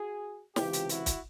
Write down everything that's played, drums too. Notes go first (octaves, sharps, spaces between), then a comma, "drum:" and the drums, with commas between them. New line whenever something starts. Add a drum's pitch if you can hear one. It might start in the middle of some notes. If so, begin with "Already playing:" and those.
Already playing: F#4 G#4
C#2 C3 E3 F4 G4, drum: snare
drum: hi-hat
E4 F#4, drum: hi-hat
drum: kick, hi-hat